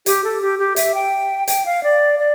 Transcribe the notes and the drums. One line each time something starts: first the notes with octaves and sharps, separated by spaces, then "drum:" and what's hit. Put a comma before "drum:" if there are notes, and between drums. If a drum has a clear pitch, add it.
G4, drum: hi-hat
A4
G4
G4
E5, drum: hi-hat
G5
G5, drum: hi-hat
F5
D5
D5